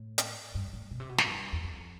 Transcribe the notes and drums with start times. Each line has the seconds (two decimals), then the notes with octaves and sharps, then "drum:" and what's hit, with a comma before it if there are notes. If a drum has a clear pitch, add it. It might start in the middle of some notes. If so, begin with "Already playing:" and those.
Already playing: A2
0.18 drum: hi-hat
0.55 G2
0.73 A2
0.91 B2
1.00 C3
1.09 B2
1.18 A2, drum: snare
1.27 G2
1.53 E2
1.63 F2